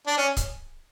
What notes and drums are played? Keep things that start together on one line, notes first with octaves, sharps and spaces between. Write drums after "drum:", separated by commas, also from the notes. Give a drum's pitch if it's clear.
D4
C#4
drum: kick C#1, hi-hat